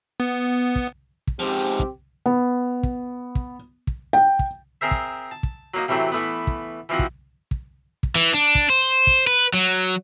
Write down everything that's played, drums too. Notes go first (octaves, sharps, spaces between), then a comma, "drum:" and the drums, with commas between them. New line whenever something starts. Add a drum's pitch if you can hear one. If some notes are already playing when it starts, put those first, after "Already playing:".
B3
drum: kick
drum: kick
G#2 F3 C4 G4
drum: kick
B3
drum: kick
drum: kick
drum: kick
G5
drum: kick
C4 G#4 A#4 C5 E5
drum: kick
A5
drum: kick
F#3 A#3 D#4
C3 E3 F#3 A3 C4
E3 A3 B3
drum: kick
E3 F3 C4 F#4
drum: kick
drum: kick
drum: kick
E3
D4
drum: kick
C5
drum: kick
B4
F#3